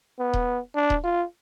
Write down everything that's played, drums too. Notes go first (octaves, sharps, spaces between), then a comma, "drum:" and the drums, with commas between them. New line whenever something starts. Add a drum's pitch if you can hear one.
B3
drum: kick D#1
D4
drum: kick D#1
F4